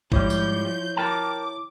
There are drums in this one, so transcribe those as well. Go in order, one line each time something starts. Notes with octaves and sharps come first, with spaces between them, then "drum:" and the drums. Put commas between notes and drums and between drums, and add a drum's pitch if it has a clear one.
G#2 F3 G3 E4 C#5 G6, drum: kick
drum: tambourine
A#4 G5 A5 D6